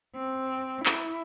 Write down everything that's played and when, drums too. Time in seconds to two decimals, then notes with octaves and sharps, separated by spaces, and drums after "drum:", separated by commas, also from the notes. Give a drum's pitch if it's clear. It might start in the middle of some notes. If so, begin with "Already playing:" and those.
0.15 C4
0.86 E4, drum: clap